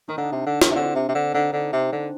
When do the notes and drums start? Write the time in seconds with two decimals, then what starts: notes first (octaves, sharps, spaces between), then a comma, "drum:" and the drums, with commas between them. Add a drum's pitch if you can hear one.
0.09 D#3 D#4
0.17 D3 D4
0.32 C3
0.46 D3
0.62 D#3, drum: snare
0.71 C3
0.76 D3 C4
0.95 C3
1.09 C3
1.15 D3
1.34 D3 D#4
1.53 D3
1.73 C3
1.92 D3 D4